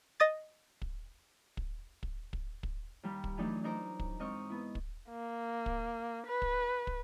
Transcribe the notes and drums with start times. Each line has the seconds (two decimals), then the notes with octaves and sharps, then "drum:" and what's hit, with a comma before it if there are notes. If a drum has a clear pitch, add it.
0.20 D#5 D#6 A6
0.82 drum: kick
1.57 drum: kick
2.03 drum: kick
2.33 drum: kick
2.63 drum: kick
3.03 D#2 G3 G4
3.24 drum: kick
3.38 E3 F#3 A3 D4 D#4
3.64 D4 D#4 A#4 C5
3.99 drum: kick
4.20 G#2 C4 D#5 C#6 F6
4.50 B3 E4
4.75 drum: kick
5.09 A#3
5.66 drum: kick
6.27 B4
6.42 drum: kick
6.87 drum: kick